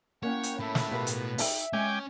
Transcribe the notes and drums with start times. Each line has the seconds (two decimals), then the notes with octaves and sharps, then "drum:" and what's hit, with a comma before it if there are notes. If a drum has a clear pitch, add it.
0.23 A#3 C#4 E4 A#4 C#5 F#5 G5
0.43 drum: hi-hat
0.59 A2 E5 A5 B5
0.75 drum: snare
0.91 B2 F4 G4 A#4
1.07 drum: hi-hat
1.38 D#4 E5 G5, drum: open hi-hat
1.73 G#3 C#4 G5 G#5 D6